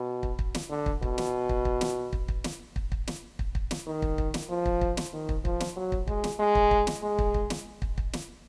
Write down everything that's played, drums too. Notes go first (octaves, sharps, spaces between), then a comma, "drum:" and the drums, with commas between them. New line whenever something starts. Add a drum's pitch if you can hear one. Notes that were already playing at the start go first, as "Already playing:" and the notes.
Already playing: B2
drum: kick
drum: kick
drum: snare
D3
drum: kick
B2, drum: kick
drum: snare
drum: kick
drum: kick
drum: snare
drum: kick
drum: kick
drum: snare
drum: kick
drum: kick
drum: snare
drum: kick
drum: kick
drum: snare
D#3
drum: kick
drum: kick
drum: snare
F3
drum: kick
drum: kick
drum: snare
D#3
drum: kick
F3, drum: kick
drum: snare
F#3
drum: kick
G#3, drum: kick
drum: snare
G#3
drum: kick
drum: kick
drum: snare
G#3
drum: kick
drum: kick
drum: snare
drum: kick
drum: kick
drum: snare